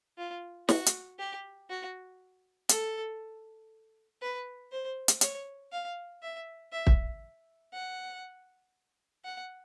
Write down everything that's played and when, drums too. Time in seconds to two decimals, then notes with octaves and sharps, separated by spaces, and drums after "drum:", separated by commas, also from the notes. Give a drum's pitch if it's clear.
0.18 F4
0.69 F#4, drum: snare
0.86 drum: hi-hat
1.19 G4
1.70 F#4
2.69 A4, drum: hi-hat
4.22 B4
4.72 C5
5.08 drum: hi-hat
5.21 C#5, drum: hi-hat
5.72 F5
6.23 E5
6.72 E5
6.87 drum: kick
7.73 F#5
9.24 F#5